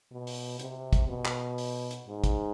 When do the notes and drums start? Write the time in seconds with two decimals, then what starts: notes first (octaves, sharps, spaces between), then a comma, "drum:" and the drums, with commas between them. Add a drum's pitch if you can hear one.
0.11 B2
0.27 drum: open hi-hat
0.60 C3, drum: hi-hat
0.93 drum: kick, hi-hat
1.08 B2
1.25 drum: clap
1.58 drum: open hi-hat
1.91 drum: hi-hat
2.08 G#2
2.24 drum: kick, hi-hat